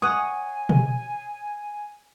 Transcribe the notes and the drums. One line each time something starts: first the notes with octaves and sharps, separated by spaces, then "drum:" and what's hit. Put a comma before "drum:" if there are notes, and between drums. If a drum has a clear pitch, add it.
C#5 F#5 G#5 D#6
drum: tom B2